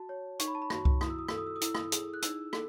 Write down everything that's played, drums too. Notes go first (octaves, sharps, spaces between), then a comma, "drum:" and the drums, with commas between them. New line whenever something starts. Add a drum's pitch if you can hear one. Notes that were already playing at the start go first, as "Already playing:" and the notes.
Already playing: F#4 A5
C#5
D#4 C#6, drum: hi-hat
B5
A5
B5
F#4, drum: rim click
drum: kick C2
E4 D#6, drum: rim click
E6
D#6
A4 E6, drum: rim click
D#6
E6
D#6
E4 E6, drum: hi-hat
D#6, drum: rim click
G#4, drum: hi-hat
F#6
D#4 E6, drum: hi-hat
A4, drum: rim click